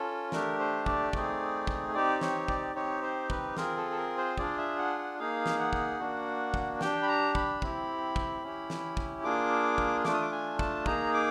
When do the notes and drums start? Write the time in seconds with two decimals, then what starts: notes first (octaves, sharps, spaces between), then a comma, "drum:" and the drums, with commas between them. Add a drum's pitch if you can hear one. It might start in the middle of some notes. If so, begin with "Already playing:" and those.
Already playing: C#4 F4 A4
0.32 A3 D4 G4 A#4, drum: snare
0.59 C5
0.86 D5, drum: kick
1.13 A3 C4 D#4 G#4, drum: kick
1.67 drum: kick
1.94 C4 D#4 G4 D5
2.21 C#5, drum: snare
2.48 D5, drum: kick
2.75 C4 D#4 G4 C#5
3.02 C5
3.30 B4, drum: kick
3.57 C4 F4 G#4 A#4, drum: snare
3.77 A4
3.91 A4
3.97 A#4
4.18 C5
4.38 D4 F4 G#4 D5, drum: kick
4.58 E5
4.78 F#5
4.99 F#5
5.19 A#3 D#4 G#4 F5
5.46 drum: snare
5.59 F#5
5.73 drum: kick
6.00 A#3 D4 F#4
6.54 drum: kick
6.81 D4 G4 G5, drum: snare
7.03 B5
7.08 A#5
7.35 B5, drum: kick
7.62 C4 E4 G4, drum: kick
8.16 drum: kick
8.43 C#4 E4 G4
8.70 drum: snare
8.97 drum: kick
9.24 A#3 D4 F4 G#4 D6
9.78 drum: kick
10.05 A3 D4 F4 D6, drum: snare
10.13 D#6
10.21 D6
10.32 G#5
10.59 A5, drum: kick
10.86 A#3 D#4 G#4 A#5, drum: kick
11.14 D6